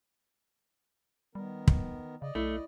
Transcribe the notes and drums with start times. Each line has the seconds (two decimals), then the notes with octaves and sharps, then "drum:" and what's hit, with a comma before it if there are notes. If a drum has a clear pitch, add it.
1.35 D#3 G3 B3 A#4
1.67 drum: kick
2.22 C#3 D5 D#5
2.35 B1 A3 E4